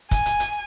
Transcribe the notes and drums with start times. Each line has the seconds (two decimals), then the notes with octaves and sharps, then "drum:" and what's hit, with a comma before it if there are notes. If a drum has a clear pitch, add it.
0.11 G#5, drum: kick, hi-hat
0.26 drum: hi-hat
0.40 drum: hi-hat